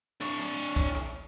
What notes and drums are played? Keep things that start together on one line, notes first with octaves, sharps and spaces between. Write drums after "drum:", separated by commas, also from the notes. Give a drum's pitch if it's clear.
D4 C#5, drum: rim click
drum: tambourine
drum: tambourine
drum: kick C2, tambourine
drum: rim click